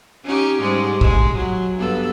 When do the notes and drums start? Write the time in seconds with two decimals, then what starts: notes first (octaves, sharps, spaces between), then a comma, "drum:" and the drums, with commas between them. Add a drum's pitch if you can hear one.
0.24 C#4 D#4 G4
0.61 G#2 G3 G#3
1.01 G#3, drum: kick
1.36 F#3
1.77 G2 B3 A4